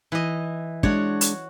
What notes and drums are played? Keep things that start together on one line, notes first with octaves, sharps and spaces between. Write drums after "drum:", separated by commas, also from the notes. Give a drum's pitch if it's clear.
E3 D#5
G#3 D4 F#4 C#5, drum: kick
drum: hi-hat